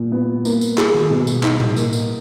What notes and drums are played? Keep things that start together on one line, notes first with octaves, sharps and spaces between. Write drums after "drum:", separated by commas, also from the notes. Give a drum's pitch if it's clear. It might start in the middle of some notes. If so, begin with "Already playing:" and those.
Already playing: A#2
B3
A#3, drum: tambourine
drum: tambourine
G#4, drum: clap
drum: tom D#3
B2
drum: tambourine
D#4, drum: clap
drum: tom A2
A#3, drum: tambourine
drum: tambourine